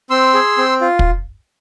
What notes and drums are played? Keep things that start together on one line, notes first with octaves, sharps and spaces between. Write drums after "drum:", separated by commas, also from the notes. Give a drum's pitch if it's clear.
C4 C6 E6
G#4
C4
F4
drum: kick